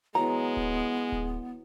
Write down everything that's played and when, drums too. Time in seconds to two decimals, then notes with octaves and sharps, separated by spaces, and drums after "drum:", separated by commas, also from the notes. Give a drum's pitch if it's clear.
0.15 E3 F#3 G#3 B3 A#5
0.57 drum: kick D1
1.12 drum: kick D1